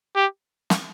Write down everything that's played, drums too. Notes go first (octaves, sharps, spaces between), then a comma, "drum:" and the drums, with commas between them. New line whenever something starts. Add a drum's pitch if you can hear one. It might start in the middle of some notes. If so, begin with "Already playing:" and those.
G4
drum: snare